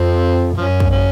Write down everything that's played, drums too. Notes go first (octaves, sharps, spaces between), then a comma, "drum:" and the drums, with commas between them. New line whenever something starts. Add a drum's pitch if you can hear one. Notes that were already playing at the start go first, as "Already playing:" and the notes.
Already playing: F2 C4
F#2 F3 C#4
drum: kick
C#4